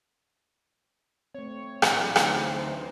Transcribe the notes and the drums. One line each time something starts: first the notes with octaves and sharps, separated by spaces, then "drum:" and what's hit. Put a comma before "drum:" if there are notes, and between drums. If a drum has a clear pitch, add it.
A3 C4 C#5
A2 E3 F#3 A3 C4 D5, drum: rim click
D2 E3 C#4 D#4 C5, drum: rim click